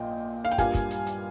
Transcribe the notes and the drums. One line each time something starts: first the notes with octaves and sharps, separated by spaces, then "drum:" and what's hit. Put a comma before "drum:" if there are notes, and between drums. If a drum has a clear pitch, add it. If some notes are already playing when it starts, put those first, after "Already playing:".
Already playing: A#1 A#2 D#5 G5
F5
G5
G2 G3 A#3 F4 F5 G#5, drum: kick, hi-hat
drum: kick, hi-hat
drum: hi-hat
drum: hi-hat